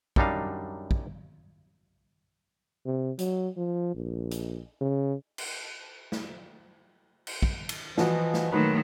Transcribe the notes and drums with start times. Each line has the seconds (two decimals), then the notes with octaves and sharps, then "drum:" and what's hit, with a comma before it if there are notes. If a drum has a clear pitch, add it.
0.16 F#2 F#3 G3 D4 D#4 F5, drum: kick
0.91 drum: kick
2.86 C3
3.19 F#3, drum: hi-hat
3.57 F3
3.95 A#1
4.31 drum: hi-hat
4.81 C#3
5.38 drum: cymbal
6.12 drum: snare
7.27 drum: cymbal
7.42 drum: kick
7.69 drum: cymbal
7.97 E3 F3 F#4 D#5, drum: snare
8.34 drum: snare
8.52 A#2 D#3 F#3 A3 D#4 B4